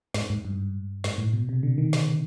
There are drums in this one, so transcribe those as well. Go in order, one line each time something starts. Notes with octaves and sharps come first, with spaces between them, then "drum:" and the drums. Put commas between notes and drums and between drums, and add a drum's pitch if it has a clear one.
G#2, drum: snare
G#2
G2
G#2, drum: snare
A2
B2
C3
D3
D#3
drum: snare